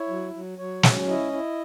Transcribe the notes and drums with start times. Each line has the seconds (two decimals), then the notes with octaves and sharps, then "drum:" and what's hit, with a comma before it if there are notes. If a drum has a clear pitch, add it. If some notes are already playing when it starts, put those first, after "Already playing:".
Already playing: E4 C#5
0.09 F#3
0.34 F#3
0.58 F#3 C#5
0.83 C#4, drum: snare
1.08 E4 D#5
1.33 E4